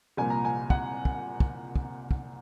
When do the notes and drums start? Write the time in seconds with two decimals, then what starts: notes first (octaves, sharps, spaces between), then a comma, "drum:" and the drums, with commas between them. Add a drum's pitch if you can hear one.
0.17 C2 A#2 F3 G#5
0.30 A#5
0.45 G#5
0.70 F#5, drum: kick
1.05 drum: kick
1.40 drum: kick
1.76 drum: kick
2.11 drum: kick